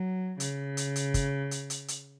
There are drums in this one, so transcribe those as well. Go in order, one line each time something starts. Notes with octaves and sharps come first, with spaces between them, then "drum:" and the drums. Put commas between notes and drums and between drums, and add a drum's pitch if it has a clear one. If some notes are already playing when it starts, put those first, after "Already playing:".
Already playing: F#3
C#3, drum: hi-hat
drum: hi-hat
drum: hi-hat
drum: kick, hi-hat
drum: hi-hat
drum: hi-hat
drum: hi-hat